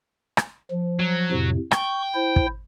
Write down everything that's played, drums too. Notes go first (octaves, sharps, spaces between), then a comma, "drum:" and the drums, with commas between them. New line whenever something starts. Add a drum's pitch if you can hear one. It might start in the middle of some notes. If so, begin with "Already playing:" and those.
drum: rim click
F3
F#3
F2 A2 C3
G5 C#6, drum: rim click
E4 C5
drum: kick